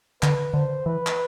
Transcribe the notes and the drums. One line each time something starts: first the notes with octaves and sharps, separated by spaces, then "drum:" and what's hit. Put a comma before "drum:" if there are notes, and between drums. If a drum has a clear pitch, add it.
D3 B4, drum: clap
D3 C5
E3 B4
drum: clap